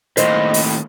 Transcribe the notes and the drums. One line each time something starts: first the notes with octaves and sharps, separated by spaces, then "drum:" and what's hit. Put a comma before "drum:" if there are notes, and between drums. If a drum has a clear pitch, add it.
D#2 A2 C5 D#5, drum: hi-hat
drum: open hi-hat